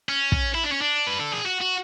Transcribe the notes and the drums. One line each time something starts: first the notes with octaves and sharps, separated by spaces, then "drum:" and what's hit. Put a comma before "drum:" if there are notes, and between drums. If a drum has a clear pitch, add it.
C#4
drum: kick
E4
D4
C#4
D4
B4
A4
G#4
F#4
F#4